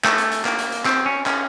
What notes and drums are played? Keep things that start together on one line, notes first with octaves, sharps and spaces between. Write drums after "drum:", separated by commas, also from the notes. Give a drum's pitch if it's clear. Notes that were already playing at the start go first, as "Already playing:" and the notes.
A3, drum: clap
drum: hi-hat
drum: hi-hat
A#3, drum: clap
drum: hi-hat
drum: hi-hat
C4, drum: clap
C#4
C#4, drum: clap